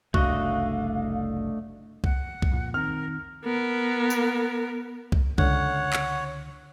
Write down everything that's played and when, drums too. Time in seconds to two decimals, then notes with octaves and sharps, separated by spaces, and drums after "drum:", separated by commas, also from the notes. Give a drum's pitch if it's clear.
0.14 F#1 C2 A3 D4 F#4 D#5 F5, drum: kick C2
2.04 F#5, drum: kick C2
2.42 drum: kick C2
2.52 F2 A#2
2.74 D#3 C4 A#4 F6
3.44 B3 A#4
4.10 drum: tambourine
5.12 drum: kick C2
5.38 C#2 D3 C#5 F#5, drum: kick C2
5.93 drum: clap